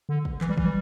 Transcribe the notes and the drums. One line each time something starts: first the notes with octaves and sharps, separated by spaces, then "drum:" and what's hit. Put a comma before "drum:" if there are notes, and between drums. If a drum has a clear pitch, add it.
D3
drum: kick
E3, drum: clap
G3
E3, drum: kick
G3